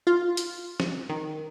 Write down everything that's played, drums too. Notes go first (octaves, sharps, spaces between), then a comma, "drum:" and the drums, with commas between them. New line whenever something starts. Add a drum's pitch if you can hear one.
F4
drum: hi-hat
drum: snare
D#3